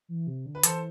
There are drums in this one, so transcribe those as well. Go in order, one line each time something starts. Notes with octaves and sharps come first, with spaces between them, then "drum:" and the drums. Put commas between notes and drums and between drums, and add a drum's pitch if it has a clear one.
E3
C3
D3
B4
E3 A4 C5, drum: hi-hat